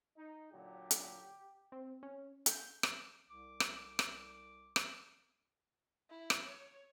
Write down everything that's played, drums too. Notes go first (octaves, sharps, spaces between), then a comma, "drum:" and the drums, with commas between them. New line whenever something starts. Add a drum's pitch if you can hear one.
D#4
A#2 D3 F#3 G4
drum: hi-hat
C4
C#4
G6, drum: hi-hat
drum: rim click
C2 D6
drum: rim click
drum: rim click
drum: rim click
E4
drum: rim click
C#5